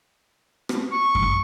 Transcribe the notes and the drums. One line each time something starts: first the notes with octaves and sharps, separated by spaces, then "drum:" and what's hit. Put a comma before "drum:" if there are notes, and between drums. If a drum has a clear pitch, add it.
drum: rim click
C#6
drum: kick F#2